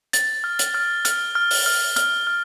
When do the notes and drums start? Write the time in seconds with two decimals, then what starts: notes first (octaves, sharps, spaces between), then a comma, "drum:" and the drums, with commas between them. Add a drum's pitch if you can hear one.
0.13 A6, drum: hi-hat
0.44 F6
0.59 drum: hi-hat
0.74 F6
1.05 F6, drum: hi-hat
1.35 F6
1.51 drum: open hi-hat
1.66 F6
1.96 F6, drum: hi-hat
2.27 F6